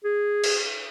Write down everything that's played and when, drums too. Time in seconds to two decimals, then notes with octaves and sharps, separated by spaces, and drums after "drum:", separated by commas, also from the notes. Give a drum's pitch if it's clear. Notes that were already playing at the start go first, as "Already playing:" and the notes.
0.05 G#4
0.44 drum: cymbal